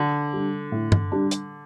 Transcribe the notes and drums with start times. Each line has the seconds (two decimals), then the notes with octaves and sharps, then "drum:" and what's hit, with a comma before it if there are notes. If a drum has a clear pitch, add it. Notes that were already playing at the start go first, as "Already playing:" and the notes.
Already playing: D3
0.33 G3 D4
0.72 A2
0.92 drum: tom G2
1.12 G3 D4
1.31 drum: hi-hat